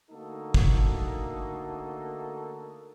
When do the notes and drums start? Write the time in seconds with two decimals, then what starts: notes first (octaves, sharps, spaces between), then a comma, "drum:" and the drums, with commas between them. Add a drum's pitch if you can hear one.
0.11 D3 A3 A#3 D#4 F#4 A4
0.54 drum: kick